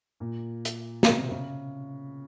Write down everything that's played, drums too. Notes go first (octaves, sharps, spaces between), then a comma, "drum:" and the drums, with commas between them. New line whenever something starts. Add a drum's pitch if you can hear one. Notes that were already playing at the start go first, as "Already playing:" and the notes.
A#2
drum: hi-hat
B2, drum: snare
C3
C#3